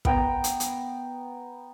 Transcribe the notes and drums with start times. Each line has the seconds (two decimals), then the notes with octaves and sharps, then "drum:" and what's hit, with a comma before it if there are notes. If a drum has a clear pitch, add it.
0.05 B3 G5 A#5, drum: kick
0.44 drum: hi-hat
0.60 drum: hi-hat